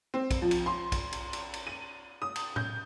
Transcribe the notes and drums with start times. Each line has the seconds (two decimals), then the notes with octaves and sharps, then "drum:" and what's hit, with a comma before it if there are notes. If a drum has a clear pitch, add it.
0.14 C4
0.31 drum: kick, cymbal
0.42 F3
0.51 drum: cymbal
0.66 C6
0.92 drum: kick, cymbal
1.13 drum: cymbal
1.33 drum: cymbal
1.54 drum: cymbal
1.67 D#7
2.22 D#6
2.36 drum: cymbal
2.56 G6, drum: tom A2